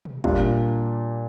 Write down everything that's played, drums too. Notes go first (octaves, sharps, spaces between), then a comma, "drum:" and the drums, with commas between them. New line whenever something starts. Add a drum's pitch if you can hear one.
drum: tom
A#2 G3 D4 F4, drum: kick